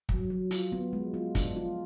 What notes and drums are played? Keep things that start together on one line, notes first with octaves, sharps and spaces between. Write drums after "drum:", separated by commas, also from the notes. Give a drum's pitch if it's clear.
F#3, drum: kick
F#3
F4, drum: hi-hat
B3
G#3
F4
D4, drum: kick, hi-hat
F4